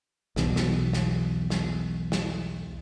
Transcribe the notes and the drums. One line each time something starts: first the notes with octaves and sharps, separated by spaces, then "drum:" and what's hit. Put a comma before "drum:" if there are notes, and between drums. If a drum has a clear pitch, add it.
B1 E2 B2, drum: snare
drum: snare
drum: snare
drum: snare
drum: snare